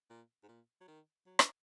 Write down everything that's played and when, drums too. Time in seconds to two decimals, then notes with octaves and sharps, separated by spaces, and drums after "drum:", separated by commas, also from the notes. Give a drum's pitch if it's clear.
0.10 A#2
0.43 G#2
0.48 A#2
0.81 F#3
0.88 D#3
1.26 F#3
1.39 drum: rim click